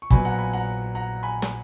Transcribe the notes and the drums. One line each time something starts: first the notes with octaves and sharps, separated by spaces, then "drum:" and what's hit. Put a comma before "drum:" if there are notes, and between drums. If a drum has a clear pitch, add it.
C#6
A#1 A#2 F#3 B3 G#5 B5, drum: kick
F#5 A#5
G#5 B5
F#5 A#5
F#5 A#5
G#5 B5
drum: snare